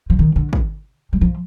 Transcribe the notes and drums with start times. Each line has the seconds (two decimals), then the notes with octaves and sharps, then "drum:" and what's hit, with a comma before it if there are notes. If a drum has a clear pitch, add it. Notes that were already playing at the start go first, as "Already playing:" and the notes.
0.10 F3
0.19 D#3
0.36 D3
0.53 drum: kick
1.13 G3
1.21 F3